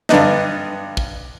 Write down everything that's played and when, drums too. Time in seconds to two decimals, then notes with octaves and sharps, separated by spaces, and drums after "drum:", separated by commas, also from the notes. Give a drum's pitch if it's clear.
0.09 G2 D3 B3 D4 D#4, drum: snare
0.97 drum: kick